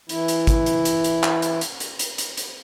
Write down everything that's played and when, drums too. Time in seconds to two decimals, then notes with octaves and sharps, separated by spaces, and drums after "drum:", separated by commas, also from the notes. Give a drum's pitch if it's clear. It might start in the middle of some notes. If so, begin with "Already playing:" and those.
0.09 E3 E4, drum: hi-hat
0.28 drum: hi-hat
0.47 drum: kick, hi-hat
0.66 drum: hi-hat
0.85 drum: hi-hat
1.04 drum: hi-hat
1.23 drum: clap
1.42 drum: hi-hat
1.61 drum: hi-hat
1.80 drum: hi-hat
1.99 drum: hi-hat
2.18 drum: hi-hat
2.37 drum: hi-hat